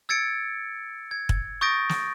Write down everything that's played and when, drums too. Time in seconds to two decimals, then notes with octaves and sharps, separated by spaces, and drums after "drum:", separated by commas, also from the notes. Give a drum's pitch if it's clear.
0.09 E6 G#6 A6 C#7 D7
1.11 G#6
1.29 drum: kick
1.61 C#6 D#6 G6 A6 A#6 D7
1.89 drum: snare